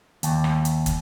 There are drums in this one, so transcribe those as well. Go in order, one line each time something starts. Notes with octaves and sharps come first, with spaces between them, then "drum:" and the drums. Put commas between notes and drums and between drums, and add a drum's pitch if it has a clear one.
D#2, drum: hi-hat
drum: rim click
drum: hi-hat
drum: kick, hi-hat